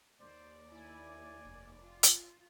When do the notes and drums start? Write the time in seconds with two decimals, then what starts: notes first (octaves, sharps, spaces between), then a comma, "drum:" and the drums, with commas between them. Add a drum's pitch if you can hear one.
0.20 D#2 C5 D5
0.72 E4 G#5
1.45 F1
1.85 F4
2.03 drum: hi-hat